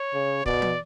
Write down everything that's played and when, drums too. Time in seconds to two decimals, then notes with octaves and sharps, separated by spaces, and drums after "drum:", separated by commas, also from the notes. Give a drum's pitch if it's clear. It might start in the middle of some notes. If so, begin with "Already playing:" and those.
Already playing: C#5
0.14 C#3
0.46 B2 D5, drum: kick
0.62 drum: tom